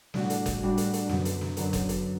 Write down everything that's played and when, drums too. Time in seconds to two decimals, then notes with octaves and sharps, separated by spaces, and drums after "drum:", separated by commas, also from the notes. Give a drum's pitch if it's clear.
0.14 A2 G3 D4 F#4, drum: snare
0.30 drum: hi-hat
0.46 drum: kick F#1, hi-hat
0.61 A2 G3 D4 F#4
0.78 drum: hi-hat
0.93 drum: hi-hat
1.09 F#2 D3 F#3 B3, drum: snare
1.25 drum: hi-hat
1.41 drum: snare
1.57 F#2 D3 F#3 B3, drum: hi-hat
1.73 drum: kick F#1, hi-hat
1.89 drum: hi-hat